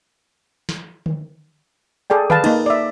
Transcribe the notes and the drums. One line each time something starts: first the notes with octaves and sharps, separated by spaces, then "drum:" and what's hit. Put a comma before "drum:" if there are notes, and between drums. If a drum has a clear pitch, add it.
drum: snare
drum: tom D3
G#4 A4 D5 G5
B4 F5 A5, drum: tom D3
A#3 D#4, drum: cymbal
D5 E5